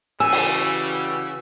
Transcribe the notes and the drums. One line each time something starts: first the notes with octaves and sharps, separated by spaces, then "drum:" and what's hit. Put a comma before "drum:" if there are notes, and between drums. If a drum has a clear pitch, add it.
C#3 E3 G3 F#4 G#5 E6
drum: open hi-hat